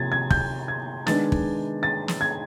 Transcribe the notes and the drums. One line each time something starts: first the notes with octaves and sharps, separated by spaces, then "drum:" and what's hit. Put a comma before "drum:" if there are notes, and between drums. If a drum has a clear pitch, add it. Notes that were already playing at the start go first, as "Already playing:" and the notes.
Already playing: C3 F3 A#3 G#6 A6
G#6
G6, drum: kick
G#6
D#3 G#3 B3 D4 A6, drum: snare
drum: kick
A6
drum: snare
G#6